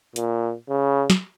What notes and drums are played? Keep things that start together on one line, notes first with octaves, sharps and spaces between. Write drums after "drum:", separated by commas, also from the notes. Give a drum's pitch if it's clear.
A#2, drum: hi-hat
C#3
drum: snare